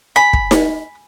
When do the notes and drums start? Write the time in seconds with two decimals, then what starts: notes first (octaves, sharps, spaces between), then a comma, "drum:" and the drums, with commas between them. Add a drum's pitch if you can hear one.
0.16 G#5 B5
0.33 drum: kick
0.51 drum: snare D#4